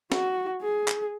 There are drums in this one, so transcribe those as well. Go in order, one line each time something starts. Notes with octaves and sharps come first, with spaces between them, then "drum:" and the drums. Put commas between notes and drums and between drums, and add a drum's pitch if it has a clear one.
F#4, drum: snare
G#4
drum: clap